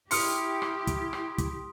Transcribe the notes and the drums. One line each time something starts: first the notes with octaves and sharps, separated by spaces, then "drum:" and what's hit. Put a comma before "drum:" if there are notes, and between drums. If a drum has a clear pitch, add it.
E4 G4 C6 D#6 F6 C#7, drum: open hi-hat
drum: rim click
drum: kick, hi-hat
drum: rim click
drum: kick, hi-hat